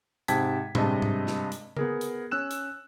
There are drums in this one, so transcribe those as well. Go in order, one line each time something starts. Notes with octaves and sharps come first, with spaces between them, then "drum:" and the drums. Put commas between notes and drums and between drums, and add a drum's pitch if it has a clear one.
G#2 C3 G5 A5 G#6 B6, drum: hi-hat
G2 C3 G#3 D#5 A5, drum: tom A2
drum: tom
drum: snare
drum: hi-hat
B3 G#4 A#4, drum: tom C#3
drum: hi-hat
C#4 E6 F#6 E7
drum: hi-hat